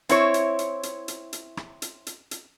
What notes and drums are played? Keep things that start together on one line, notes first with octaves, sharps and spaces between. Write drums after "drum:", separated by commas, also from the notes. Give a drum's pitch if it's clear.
C4 E4 C#5, drum: hi-hat
drum: hi-hat
drum: hi-hat
drum: hi-hat
drum: hi-hat
drum: hi-hat
drum: rim click
drum: hi-hat
drum: hi-hat
drum: hi-hat